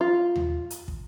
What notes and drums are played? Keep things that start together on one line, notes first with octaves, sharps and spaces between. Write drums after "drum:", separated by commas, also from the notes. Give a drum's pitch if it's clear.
F4
drum: tom D#2
drum: hi-hat
drum: kick